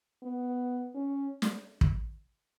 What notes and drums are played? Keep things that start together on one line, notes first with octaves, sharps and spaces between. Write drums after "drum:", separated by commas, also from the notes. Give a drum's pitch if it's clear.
B3
C#4
drum: snare
drum: kick